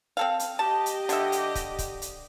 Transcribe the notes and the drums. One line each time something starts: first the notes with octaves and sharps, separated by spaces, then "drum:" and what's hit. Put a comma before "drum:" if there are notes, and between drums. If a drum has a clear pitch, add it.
C4 A4 F5
drum: hi-hat
G4 D#5 A5
drum: hi-hat
D3 E5, drum: hi-hat
drum: hi-hat
drum: kick, hi-hat
drum: kick, hi-hat
drum: hi-hat